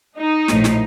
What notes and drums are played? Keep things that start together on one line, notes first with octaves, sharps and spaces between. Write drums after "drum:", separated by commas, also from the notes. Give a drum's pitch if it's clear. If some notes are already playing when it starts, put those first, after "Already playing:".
D#4
A#1 A2 F3, drum: snare
drum: snare